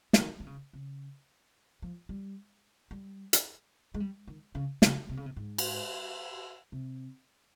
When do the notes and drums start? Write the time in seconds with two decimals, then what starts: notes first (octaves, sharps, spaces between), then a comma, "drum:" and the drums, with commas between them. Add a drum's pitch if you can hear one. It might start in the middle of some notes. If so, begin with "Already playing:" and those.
0.13 C#3, drum: snare
0.19 D#3
0.40 D#3
0.47 C#3
0.73 C#3
1.82 F3
2.09 G3
2.91 G3
3.33 drum: hi-hat
3.94 G#3
4.00 G3
4.27 D#3
4.55 C#3
4.82 C#3, drum: snare
5.09 C3
5.17 C#3
5.26 C3
5.36 G#2
5.58 drum: cymbal
6.72 C3